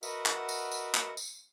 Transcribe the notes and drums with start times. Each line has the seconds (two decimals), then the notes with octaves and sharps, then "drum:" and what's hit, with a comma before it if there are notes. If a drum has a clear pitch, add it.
0.03 F#4 A#4 B4 D#5 E5 F#5, drum: tambourine
0.26 drum: clap
0.49 drum: tambourine
0.71 drum: tambourine
0.94 drum: clap
1.17 drum: tambourine